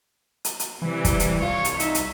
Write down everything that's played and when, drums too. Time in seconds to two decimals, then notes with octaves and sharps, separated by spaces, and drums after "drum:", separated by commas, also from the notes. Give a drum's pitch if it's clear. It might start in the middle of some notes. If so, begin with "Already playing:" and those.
0.45 drum: hi-hat
0.60 drum: hi-hat
0.82 C3 E3 G3
1.05 drum: kick, hi-hat
1.20 drum: hi-hat
1.42 C2 F4 C#5
1.65 drum: hi-hat
1.80 D#4 E5, drum: hi-hat
1.95 drum: hi-hat